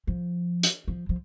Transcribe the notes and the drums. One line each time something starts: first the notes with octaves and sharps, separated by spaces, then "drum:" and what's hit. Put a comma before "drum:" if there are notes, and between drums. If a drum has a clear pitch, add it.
F3
drum: hi-hat
F3
F3